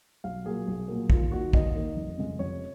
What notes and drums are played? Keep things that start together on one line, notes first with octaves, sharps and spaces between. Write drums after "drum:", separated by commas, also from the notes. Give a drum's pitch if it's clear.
B1 F5
A#2 F#3 A#3 G#4
B1
A#2 F#3 A#3
D#2 F4, drum: kick
D#3 A#3 F#4
D#2 D#5, drum: kick
D#3 A#3
F1
F2 C#3 G#3
F1 C#5